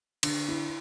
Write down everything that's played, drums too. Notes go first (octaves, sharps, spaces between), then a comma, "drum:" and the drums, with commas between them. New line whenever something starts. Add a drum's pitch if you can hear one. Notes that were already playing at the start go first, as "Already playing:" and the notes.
D3, drum: cymbal
E4